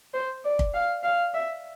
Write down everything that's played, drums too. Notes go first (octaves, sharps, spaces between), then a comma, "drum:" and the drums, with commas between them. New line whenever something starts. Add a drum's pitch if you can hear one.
C5
D5
drum: kick
F5
F5
E5